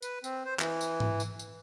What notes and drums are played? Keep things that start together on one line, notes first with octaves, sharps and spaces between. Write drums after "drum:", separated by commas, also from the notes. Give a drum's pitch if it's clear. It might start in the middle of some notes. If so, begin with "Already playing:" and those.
B4, drum: tambourine
C4, drum: tambourine
C5
E3, drum: clap
drum: tambourine
drum: tom G#2
drum: tambourine
drum: tambourine